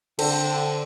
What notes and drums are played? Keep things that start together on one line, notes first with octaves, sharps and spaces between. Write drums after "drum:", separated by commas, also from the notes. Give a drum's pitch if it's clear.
D3 C4 A4, drum: cymbal